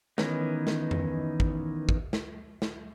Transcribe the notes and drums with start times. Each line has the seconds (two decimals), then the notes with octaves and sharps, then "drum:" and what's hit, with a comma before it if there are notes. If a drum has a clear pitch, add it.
0.18 D#3 E3 B3 C#4 D#4, drum: snare
0.67 drum: snare
0.91 drum: tom F2
1.40 drum: kick
1.89 drum: kick
2.13 drum: snare
2.62 drum: snare